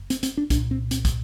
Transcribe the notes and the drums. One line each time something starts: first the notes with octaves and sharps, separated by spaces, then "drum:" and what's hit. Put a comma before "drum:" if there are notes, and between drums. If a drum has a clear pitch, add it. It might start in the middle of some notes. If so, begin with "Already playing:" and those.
Already playing: F#1
C4, drum: hi-hat
C4, drum: hi-hat
D4
C2 A#2 D4, drum: kick, hi-hat
C4
C4, drum: hi-hat
drum: kick, hi-hat